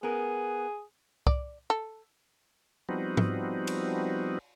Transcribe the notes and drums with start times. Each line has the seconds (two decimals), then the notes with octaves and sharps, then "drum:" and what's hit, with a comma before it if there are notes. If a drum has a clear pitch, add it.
0.03 B3 G#4 A#4
1.27 D5, drum: kick C2
1.70 A4
2.89 F3 G3 B3 C4 D#4 F#4
3.17 drum: tom G#2
3.67 drum: cymbal